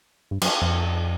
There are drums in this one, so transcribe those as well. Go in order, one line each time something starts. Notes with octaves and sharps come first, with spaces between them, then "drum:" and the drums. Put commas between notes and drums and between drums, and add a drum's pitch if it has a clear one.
G2
F#2, drum: cymbal
F2